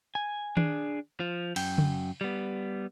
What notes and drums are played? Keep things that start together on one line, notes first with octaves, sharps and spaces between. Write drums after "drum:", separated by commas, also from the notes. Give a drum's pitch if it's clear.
G#5
D4 G#4, drum: tom D#3
F3
F#2 G5, drum: cymbal
drum: tom C#3
G3 B3